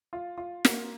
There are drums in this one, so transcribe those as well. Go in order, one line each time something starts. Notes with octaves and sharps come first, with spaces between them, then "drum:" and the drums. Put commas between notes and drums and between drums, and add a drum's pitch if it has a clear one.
F4
F4
A#3, drum: snare